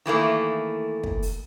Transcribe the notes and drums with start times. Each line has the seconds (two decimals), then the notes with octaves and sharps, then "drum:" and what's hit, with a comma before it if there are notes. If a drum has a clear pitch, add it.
0.06 D#3 E3 A3 A#3
1.03 drum: kick
1.22 drum: open hi-hat